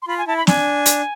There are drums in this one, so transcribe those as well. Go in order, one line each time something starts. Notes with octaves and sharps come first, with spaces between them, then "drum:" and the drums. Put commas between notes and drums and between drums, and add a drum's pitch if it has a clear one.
C6
F4 B5
G#5
E4 A5
B5
D4 G#5, drum: snare
drum: hi-hat